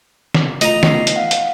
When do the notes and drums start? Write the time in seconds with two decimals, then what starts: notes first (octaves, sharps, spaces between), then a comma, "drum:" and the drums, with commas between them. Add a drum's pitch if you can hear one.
0.34 drum: snare
0.61 A3 F4 D#5 A#5, drum: hi-hat
0.83 B3 D#4 C7, drum: snare
1.07 drum: hi-hat
1.16 F5 F#5
1.31 drum: hi-hat